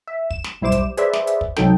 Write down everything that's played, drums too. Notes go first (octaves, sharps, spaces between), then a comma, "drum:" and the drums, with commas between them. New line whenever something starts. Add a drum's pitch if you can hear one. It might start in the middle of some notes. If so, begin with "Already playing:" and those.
E5
E7, drum: kick
drum: snare
B1 G3 E4 C5 D6 E7
drum: kick, hi-hat
G#4 B4 C5 D5 E5, drum: hi-hat
drum: snare
drum: hi-hat
drum: kick
C#2 C3 F#3 D#4 A4 G5, drum: snare